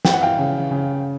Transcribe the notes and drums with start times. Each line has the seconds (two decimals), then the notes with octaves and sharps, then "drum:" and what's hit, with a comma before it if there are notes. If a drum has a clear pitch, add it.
0.05 E3 G5, drum: snare
0.14 F#5
0.22 F5 G5
0.38 C#3
0.71 C#3